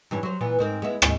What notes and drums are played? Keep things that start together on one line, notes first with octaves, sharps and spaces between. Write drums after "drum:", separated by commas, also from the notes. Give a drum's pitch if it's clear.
G2 E3 C#4
F#3 C5
A#2 E3 B3
G#2 C4 A#4
G#3 B3 E4
D#2 G#2 D#4, drum: rim click